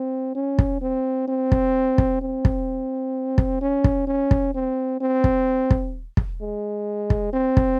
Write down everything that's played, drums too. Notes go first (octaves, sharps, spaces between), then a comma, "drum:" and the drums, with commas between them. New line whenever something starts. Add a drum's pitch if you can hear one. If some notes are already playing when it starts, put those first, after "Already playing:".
Already playing: C4
C#4
drum: kick
C4
C4
drum: kick
drum: kick
C4
drum: kick
drum: kick
C#4
drum: kick
C#4
drum: kick
C4
C4
drum: kick
drum: kick
drum: kick
G#3
drum: kick
C4
drum: kick